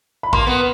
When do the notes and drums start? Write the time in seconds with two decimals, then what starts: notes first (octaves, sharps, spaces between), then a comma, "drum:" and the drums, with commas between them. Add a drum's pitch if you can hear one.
0.23 B5
0.33 A#3 C6, drum: kick A1
0.47 B3